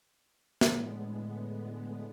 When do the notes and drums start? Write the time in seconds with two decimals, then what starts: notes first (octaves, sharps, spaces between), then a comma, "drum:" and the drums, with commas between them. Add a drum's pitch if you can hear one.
0.61 A2 D3 G#3 B3, drum: snare